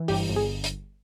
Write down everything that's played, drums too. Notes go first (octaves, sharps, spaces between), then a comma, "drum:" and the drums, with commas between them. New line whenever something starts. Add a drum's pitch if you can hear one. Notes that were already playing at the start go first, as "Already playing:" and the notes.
Already playing: E3
G1 G4, drum: open hi-hat
G1
G#4
drum: hi-hat